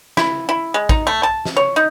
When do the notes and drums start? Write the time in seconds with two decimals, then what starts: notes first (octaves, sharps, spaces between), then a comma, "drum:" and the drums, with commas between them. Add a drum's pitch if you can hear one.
0.17 E4, drum: snare
0.49 E4
0.74 G#3
0.89 D#4, drum: kick
1.07 A3
1.23 A5
1.45 drum: snare
1.57 C#5
1.76 D#4